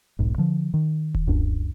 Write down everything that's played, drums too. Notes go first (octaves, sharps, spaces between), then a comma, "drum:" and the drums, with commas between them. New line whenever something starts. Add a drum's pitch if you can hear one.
D#1 B1 G#2
D3 F3
D#3
drum: kick D#1
C#2 F#2 D4